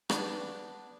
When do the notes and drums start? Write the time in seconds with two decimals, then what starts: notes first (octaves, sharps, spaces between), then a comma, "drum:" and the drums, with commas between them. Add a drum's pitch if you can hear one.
0.10 B3 D4, drum: rim click